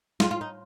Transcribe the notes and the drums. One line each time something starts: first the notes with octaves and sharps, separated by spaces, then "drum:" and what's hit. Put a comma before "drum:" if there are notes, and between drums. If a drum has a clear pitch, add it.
F4, drum: snare
F4
D#4